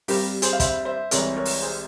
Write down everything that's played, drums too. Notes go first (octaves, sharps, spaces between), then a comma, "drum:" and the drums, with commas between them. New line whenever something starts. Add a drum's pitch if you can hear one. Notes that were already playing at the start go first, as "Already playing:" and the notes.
G2 G3 C4 G4 A#4, drum: open hi-hat
G#4 C5, drum: hi-hat
F5
C5 E5, drum: kick, hi-hat
C5 E5
C2 C3 E3 G#3 A#4 C#5, drum: hi-hat
A#4 C#5
drum: open hi-hat
G#4 C5